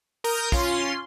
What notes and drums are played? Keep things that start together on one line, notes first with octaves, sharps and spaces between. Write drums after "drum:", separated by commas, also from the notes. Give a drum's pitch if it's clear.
A#4 A#5 D#6 G6
C#4 F4 C6, drum: kick